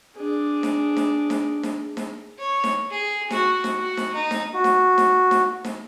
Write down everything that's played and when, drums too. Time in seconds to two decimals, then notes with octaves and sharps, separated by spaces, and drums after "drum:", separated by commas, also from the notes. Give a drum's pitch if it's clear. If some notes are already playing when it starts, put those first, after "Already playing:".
0.15 D4 G#4
0.63 drum: snare D#4
0.97 drum: snare D#4
1.30 drum: snare D#4
1.63 drum: snare D#4
1.97 drum: snare D#4
2.39 C#5
2.64 drum: snare D#4
2.91 G#4
3.30 F#4, drum: snare D#4
3.64 drum: snare D#4
3.77 F#4
3.97 drum: snare D#4
4.13 D#4
4.31 drum: snare D#4
4.54 F#4
4.64 drum: snare D#4
4.98 drum: snare D#4
5.31 drum: snare D#4
5.64 drum: snare D#4